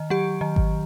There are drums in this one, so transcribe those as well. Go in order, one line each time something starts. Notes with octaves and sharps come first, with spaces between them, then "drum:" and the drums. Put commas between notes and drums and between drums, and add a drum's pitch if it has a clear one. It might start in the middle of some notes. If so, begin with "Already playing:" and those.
Already playing: D#3
F#3 G4
D#3
drum: kick G#1